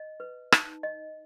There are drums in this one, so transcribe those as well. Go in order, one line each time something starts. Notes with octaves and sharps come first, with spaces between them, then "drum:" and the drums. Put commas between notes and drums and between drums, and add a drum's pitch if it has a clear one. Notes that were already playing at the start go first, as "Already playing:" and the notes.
Already playing: D#5
B4
D#4, drum: rim click
D#5